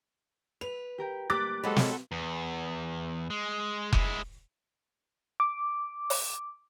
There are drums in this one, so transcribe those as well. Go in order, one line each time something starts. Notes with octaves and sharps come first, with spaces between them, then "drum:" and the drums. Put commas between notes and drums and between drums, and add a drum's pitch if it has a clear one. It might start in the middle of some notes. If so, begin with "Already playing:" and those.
B4 F7
G4 A#4 G5
D2 A#3 G4 D6 F#6 A6 B6
F#3 G#3 F#4 A4 C5 F#5 B5
drum: snare
E2
G#3
G#3 E4, drum: kick F1
D6
drum: open hi-hat